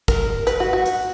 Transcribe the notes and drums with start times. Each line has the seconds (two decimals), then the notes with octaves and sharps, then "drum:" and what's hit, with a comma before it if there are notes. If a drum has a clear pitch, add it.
0.08 A#4, drum: kick, hi-hat
0.47 B4, drum: hi-hat
0.60 F#4
0.73 F#4
0.86 drum: hi-hat